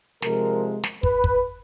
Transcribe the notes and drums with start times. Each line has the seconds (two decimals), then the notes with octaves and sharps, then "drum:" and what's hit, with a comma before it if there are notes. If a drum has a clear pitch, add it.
0.22 C3 F3 G#3 A#4, drum: snare
0.84 drum: snare
1.03 B4, drum: kick
1.24 drum: kick